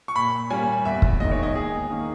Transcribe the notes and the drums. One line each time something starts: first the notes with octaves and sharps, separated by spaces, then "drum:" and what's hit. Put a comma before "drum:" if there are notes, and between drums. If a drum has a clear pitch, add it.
C#6
A#2 B5
G3 A#3 C#4 G#5
E2 E5
drum: kick
D#3 G#3 D#5
C#5
D#5
D#2 G#4
D#3 A#3 C#4